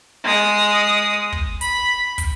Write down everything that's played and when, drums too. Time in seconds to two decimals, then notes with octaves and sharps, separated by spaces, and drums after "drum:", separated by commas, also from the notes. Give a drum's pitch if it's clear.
0.24 G#3 D#6
1.32 drum: kick
1.61 B5, drum: hi-hat
2.18 drum: kick, hi-hat